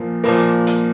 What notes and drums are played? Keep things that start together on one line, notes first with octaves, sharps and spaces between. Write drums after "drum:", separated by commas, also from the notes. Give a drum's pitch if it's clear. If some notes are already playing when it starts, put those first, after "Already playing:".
Already playing: A#2 F3 A#3
A#2 F3 A#3, drum: open hi-hat
drum: hi-hat